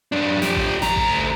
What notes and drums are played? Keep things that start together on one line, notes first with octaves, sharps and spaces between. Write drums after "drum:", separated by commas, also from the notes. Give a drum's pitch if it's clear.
F#2 D4
F3 G4, drum: snare
drum: kick A1
D2 A#5, drum: snare
drum: kick A1